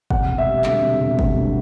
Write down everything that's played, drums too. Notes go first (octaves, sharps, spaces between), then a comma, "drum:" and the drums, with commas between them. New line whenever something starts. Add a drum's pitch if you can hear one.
C3 F#5, drum: kick F#1
E1
E5
G3
D2 E5, drum: clap
C3
E1
G3, drum: kick F#1
D2